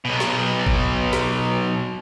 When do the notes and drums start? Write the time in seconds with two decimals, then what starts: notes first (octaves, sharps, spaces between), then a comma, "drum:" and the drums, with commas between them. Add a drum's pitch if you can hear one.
0.05 B1 B2
0.20 drum: snare
0.67 drum: kick G1
1.13 drum: snare